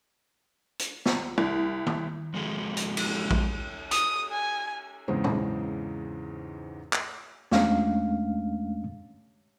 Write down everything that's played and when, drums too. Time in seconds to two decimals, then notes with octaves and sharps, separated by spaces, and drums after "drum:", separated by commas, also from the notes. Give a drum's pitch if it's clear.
0.79 drum: hi-hat
1.06 drum: snare
1.38 C2
1.87 drum: tom D#3
2.34 F3 G#3 C4 F#4 G#4 A4
2.77 drum: hi-hat
2.97 drum: cymbal
3.31 drum: kick A#1
3.91 D#6, drum: hi-hat
4.32 G#5
5.08 E2 G#2 C#3 G#3 C4 D#4
5.24 drum: tom
6.93 drum: clap
7.51 E2 G#3 A3 C#4 D4 F5, drum: snare